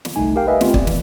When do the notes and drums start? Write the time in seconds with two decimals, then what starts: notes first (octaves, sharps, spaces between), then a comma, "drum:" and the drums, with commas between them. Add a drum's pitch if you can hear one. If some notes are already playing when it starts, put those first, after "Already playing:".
0.05 drum: snare
0.16 G1 C2 A3 D#4 G#5
0.36 G4 A#4 F5 G5
0.47 B4 D#5 E5 G#5
0.61 A3 B3 C4 F4 G4, drum: snare
0.74 D5, drum: kick
0.87 E3, drum: snare